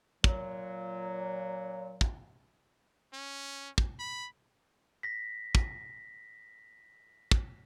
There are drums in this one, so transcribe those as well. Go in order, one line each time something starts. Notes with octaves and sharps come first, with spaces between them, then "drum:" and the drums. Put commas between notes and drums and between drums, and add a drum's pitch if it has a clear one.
A#2 F#3, drum: kick
drum: kick
C#4
drum: kick
B5
A#6 B6
drum: kick
drum: kick